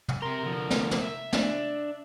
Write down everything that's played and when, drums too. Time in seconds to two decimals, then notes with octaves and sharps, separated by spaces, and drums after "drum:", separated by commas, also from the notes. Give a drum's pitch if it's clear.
0.09 drum: tom
0.22 C3 A#4 C6
0.43 D3 F3
0.71 drum: snare
0.91 drum: snare
1.01 E5
1.33 D4, drum: snare